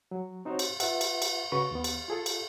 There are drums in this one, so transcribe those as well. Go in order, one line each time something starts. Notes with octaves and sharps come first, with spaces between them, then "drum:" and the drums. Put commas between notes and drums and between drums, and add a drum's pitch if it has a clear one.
F#3
C4 D#4 F#4 C5 C#5
drum: cymbal
F4 B4 E5 F#5, drum: cymbal
drum: cymbal
drum: cymbal
C#3 F#4 B4 C#6
D#2 B3
drum: cymbal
F4 G#4 A4
drum: cymbal